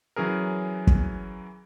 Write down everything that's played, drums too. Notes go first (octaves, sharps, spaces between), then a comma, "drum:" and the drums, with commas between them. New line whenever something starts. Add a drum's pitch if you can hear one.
E3 F#3 C#4 G#4 A#4
drum: kick